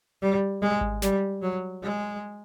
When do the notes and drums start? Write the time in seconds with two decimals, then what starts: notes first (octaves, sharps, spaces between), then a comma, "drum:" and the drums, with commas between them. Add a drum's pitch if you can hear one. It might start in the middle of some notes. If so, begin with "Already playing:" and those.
0.22 G3
0.62 G#3
0.81 drum: kick G#1
1.02 G3, drum: snare
1.42 F#3
1.82 G#3